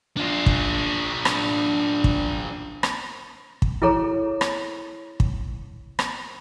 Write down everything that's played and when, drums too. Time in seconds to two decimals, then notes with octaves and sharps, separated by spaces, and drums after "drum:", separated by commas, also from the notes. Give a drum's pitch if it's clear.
0.17 D4 F4
0.46 drum: kick
1.25 drum: rim click
2.04 drum: kick
2.83 drum: rim click
3.62 drum: kick
3.82 E4 G#4 A4 C#5 A#5
4.41 drum: rim click
5.20 drum: kick
5.99 drum: rim click